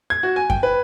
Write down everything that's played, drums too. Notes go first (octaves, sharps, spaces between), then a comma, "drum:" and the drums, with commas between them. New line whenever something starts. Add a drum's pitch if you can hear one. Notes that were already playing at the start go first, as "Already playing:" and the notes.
G#6
F#4
G#5
G5, drum: kick F#2
B4